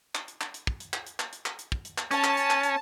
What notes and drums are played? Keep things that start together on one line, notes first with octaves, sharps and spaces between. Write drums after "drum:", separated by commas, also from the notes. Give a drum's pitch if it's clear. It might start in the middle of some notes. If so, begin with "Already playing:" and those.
drum: clap
drum: hi-hat
drum: clap
drum: hi-hat
drum: kick
drum: hi-hat
drum: clap
drum: hi-hat
drum: clap
drum: hi-hat
drum: clap
drum: hi-hat
drum: kick
drum: hi-hat
drum: clap
C#4 A5, drum: hi-hat
drum: clap
drum: hi-hat
drum: clap
drum: hi-hat